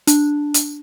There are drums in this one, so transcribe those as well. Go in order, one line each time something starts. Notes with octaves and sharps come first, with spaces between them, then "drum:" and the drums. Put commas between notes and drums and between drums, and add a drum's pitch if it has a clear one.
D4, drum: hi-hat
drum: hi-hat